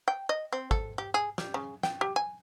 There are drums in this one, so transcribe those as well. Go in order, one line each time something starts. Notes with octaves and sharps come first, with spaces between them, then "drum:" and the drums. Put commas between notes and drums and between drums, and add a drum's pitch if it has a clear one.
G5
D#5
C4
A4, drum: kick G#1
G4
G#4
G3, drum: snare
C#3
G5, drum: snare
G4
G#5